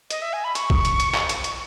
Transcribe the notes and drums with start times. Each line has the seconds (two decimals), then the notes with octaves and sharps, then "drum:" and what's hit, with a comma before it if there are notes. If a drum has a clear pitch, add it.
0.10 D#5, drum: hi-hat
0.22 E5
0.33 G#5
0.44 B5
0.55 C#6, drum: hi-hat
0.70 drum: kick
0.85 drum: hi-hat
1.00 drum: hi-hat
1.15 drum: clap
1.29 drum: hi-hat
1.44 drum: hi-hat